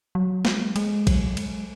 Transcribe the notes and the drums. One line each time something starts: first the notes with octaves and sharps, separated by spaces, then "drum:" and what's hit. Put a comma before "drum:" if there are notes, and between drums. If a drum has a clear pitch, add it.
F#3
G#3, drum: snare
G#3, drum: cymbal
F#3, drum: kick, cymbal
G#3, drum: cymbal